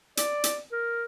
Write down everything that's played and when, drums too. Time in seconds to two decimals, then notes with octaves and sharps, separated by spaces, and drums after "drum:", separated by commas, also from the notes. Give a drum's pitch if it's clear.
0.17 D5, drum: hi-hat
0.44 drum: hi-hat
0.72 A#4